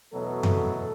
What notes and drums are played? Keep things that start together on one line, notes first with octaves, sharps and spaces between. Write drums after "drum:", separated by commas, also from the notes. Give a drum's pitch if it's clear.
E2 B2 F#3 A3 A4
drum: tom F2